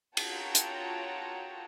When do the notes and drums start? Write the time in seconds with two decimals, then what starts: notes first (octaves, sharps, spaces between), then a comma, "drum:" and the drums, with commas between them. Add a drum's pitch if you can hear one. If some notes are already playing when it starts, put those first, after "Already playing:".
0.17 F4 F#4 C#5 G5 A5 A#5, drum: cymbal
0.55 drum: hi-hat